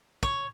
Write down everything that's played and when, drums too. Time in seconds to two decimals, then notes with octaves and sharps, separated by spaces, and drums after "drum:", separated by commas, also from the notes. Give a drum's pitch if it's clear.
0.23 C#5, drum: kick